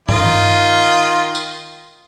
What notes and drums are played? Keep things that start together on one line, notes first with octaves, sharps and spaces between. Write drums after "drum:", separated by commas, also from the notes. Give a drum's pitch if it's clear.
D#3 F4 D#5, drum: tom G2
drum: tambourine